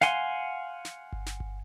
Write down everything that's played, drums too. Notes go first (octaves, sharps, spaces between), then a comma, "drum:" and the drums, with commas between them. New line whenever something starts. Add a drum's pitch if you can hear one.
F5 F#5 G#5 C6, drum: snare
drum: snare
drum: kick G1
drum: snare
drum: kick G1